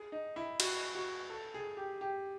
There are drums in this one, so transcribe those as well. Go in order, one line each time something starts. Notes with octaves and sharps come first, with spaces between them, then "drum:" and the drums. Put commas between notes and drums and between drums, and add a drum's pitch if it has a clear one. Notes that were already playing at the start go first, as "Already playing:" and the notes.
Already playing: G#4
D#4
E4
F#4, drum: cymbal
F#4
A4
G#4
G4
G4